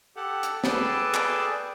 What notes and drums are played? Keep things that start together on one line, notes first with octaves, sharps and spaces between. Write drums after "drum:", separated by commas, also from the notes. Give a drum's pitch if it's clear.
G4 A4 F#5
drum: hi-hat
G#4 A4 B4 D5 G5 A5, drum: snare
drum: clap